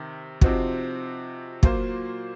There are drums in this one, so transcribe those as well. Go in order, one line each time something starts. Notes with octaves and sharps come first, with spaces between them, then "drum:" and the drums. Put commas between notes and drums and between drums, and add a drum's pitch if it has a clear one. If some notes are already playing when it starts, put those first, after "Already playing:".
Already playing: C3 D#3
C3 F3 C4 D#4 F#4, drum: kick
A#2 F#3 A#3 F4 C5, drum: kick